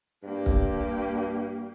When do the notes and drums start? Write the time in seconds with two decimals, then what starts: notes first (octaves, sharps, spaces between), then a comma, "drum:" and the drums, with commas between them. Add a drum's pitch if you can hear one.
0.24 G2 A#3 G4
0.46 drum: kick